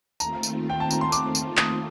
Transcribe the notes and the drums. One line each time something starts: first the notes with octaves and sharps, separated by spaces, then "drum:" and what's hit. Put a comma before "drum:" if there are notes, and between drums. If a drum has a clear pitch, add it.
D#2 D#3 A3 C4 F4 A#5, drum: tambourine
drum: tambourine
G5
A5
A#5, drum: tambourine
C6
D6, drum: tambourine
drum: tambourine
D#6, drum: clap